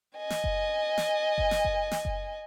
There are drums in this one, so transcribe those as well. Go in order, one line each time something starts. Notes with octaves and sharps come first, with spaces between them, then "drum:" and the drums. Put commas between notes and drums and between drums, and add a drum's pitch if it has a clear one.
D#5 G#5
drum: snare
drum: kick F#1
drum: snare
drum: kick F#1
drum: snare
drum: kick F#1
drum: snare
drum: kick F#1